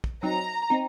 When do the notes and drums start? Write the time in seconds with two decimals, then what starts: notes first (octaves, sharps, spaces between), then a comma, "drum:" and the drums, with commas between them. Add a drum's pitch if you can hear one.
0.04 drum: kick
0.23 F#3 C4 D#4 A#5
0.70 C4 D#4